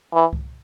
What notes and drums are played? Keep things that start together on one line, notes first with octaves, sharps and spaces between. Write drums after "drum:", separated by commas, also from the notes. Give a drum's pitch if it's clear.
E3
drum: kick C2